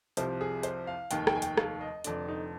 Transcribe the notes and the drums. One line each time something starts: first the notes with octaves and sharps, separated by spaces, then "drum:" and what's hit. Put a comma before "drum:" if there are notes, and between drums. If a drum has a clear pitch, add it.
C2 C3 F3 C5, drum: hi-hat
G#4
C5, drum: hi-hat
F5
F1 D#2 D#3 G5, drum: hi-hat
G5, drum: rim click
G#5
G5, drum: hi-hat
F5, drum: rim click
D#5
F1 F2 D3 D5, drum: hi-hat
D#4